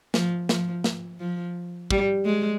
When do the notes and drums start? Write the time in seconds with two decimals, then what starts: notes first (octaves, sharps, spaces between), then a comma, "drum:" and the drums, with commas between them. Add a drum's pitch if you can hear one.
0.14 F3, drum: snare
0.49 F3, drum: snare
0.84 drum: snare
1.20 F3
1.91 G3, drum: kick
2.25 G#3